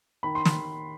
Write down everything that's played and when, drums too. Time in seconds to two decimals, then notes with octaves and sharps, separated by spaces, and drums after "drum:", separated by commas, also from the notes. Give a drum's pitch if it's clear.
0.23 D#3 B5
0.35 C6
0.45 drum: snare